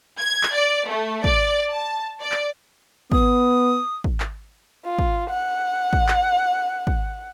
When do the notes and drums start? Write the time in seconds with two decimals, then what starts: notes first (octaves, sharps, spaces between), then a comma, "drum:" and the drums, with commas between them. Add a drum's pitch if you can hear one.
0.19 G#6
0.43 drum: clap
0.53 D5
0.88 A3
1.24 D5, drum: kick
1.74 A5
2.21 D5
2.32 drum: clap
3.12 B3 D#6, drum: kick
4.04 drum: kick
4.20 drum: clap
4.85 F4
4.99 drum: kick
5.30 F#5
5.93 drum: kick
6.08 drum: clap
6.87 drum: kick